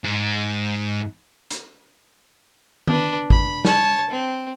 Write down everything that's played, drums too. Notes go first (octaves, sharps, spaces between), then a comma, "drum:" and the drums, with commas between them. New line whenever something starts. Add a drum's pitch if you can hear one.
G#2
drum: hi-hat
D4 B4, drum: tom D#3
B5, drum: kick G#1
C#5 A5, drum: snare
C4